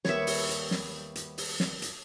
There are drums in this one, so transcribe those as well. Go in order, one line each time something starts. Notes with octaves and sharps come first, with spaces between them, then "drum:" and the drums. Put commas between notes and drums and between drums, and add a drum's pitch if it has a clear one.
D#2 G3 B3 C#5 E5, drum: snare
drum: open hi-hat
drum: hi-hat
drum: snare
drum: hi-hat
drum: open hi-hat
drum: snare
drum: hi-hat